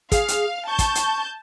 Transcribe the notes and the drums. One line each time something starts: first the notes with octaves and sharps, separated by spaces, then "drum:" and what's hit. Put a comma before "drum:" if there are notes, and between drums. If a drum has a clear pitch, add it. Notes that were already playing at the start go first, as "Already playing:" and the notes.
G#4 F5, drum: kick, hi-hat
drum: hi-hat
A5 C#6 G6
drum: kick, hi-hat
drum: hi-hat